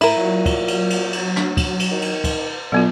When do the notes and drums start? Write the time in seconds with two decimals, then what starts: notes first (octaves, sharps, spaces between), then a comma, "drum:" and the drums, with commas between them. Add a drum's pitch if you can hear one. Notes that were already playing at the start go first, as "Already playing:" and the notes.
0.01 A2 E4 A#4, drum: cymbal
0.17 A#2 F#3
0.46 drum: kick C#2, cymbal
0.68 drum: cymbal
0.90 drum: cymbal
1.13 drum: cymbal
1.36 D4, drum: snare
1.57 drum: kick C#2, cymbal
1.79 drum: cymbal
1.91 D#3
2.02 drum: cymbal
2.24 drum: kick C#2, cymbal
2.72 B2 D3 F#3 B3 F4